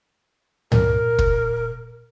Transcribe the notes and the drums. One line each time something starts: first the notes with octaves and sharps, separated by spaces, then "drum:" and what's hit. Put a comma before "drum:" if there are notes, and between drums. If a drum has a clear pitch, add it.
A#2 A#4, drum: tom
drum: kick